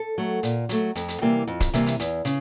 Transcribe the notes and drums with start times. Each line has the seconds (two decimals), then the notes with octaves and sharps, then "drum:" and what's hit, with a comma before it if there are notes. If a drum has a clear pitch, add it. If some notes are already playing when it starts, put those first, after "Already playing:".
Already playing: A4
0.18 F#3 A3
0.43 A#2, drum: hi-hat
0.69 F#3 A3, drum: hi-hat
0.95 F2, drum: hi-hat
1.08 drum: hi-hat
1.21 C3 E3 G3 A#3
1.47 F2
1.60 drum: kick, hi-hat
1.73 C3 E3 G3 A#3, drum: hi-hat
1.86 drum: hi-hat
2.00 E2, drum: hi-hat
2.25 C#3, drum: hi-hat